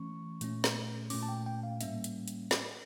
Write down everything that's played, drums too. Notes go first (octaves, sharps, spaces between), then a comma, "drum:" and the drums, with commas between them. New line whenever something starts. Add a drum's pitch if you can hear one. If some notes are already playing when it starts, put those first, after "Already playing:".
Already playing: E3 A3 C#4 C#6
A#2 A3 C#4, drum: hi-hat
drum: snare
A#2 A3 C#4 D6, drum: open hi-hat
A5
G5
G5
F5
A2 G3 A#3 C#4 E5, drum: hi-hat
drum: hi-hat
drum: hi-hat
drum: snare